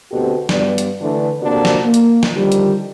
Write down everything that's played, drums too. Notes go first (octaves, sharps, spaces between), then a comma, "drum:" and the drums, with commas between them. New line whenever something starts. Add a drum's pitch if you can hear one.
D2 B2 C4 F#4 G4 A4
G2 B3 D5, drum: snare
drum: hi-hat
D3 E3 A3 D4
C3 A#3 D4 F#4 A4 C5
drum: snare
A#3
drum: hi-hat
drum: snare
D3 D#3 F3 G3
drum: hi-hat